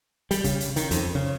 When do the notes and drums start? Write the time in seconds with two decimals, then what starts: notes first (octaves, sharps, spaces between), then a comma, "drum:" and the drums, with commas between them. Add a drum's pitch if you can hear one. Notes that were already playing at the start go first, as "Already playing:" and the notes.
0.31 G3, drum: hi-hat
0.44 C#3, drum: kick, hi-hat
0.60 drum: hi-hat
0.76 D#3, drum: hi-hat
0.91 F2, drum: hi-hat
1.15 C#3